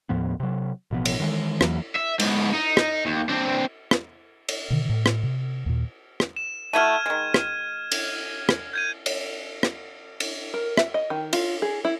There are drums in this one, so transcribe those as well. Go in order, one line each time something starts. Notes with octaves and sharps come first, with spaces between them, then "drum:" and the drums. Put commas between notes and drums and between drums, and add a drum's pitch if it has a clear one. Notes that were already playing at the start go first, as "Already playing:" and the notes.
D#2 A2 F3 B3
C3 F#3
A1 B2 F3 B3
drum: cymbal
D#3 E3 G3 G#3
E2 E3 F#3 A#3, drum: rim click
E5
G#2 B3, drum: cymbal
D#4
drum: rim click
D#2
C4 D4
drum: rim click
drum: cymbal
B2 D3 D#3
A2
drum: rim click
C3
D#2 A#2
drum: rim click
E7
A3 E4 F#4 F6 G#6 D#7
D#3 G#3
drum: rim click
drum: cymbal
drum: rim click
G6 G#6 D#7
drum: cymbal
drum: rim click
drum: cymbal
A#4
E5, drum: rim click
D#5
D#3
F4, drum: cymbal
G#4
E4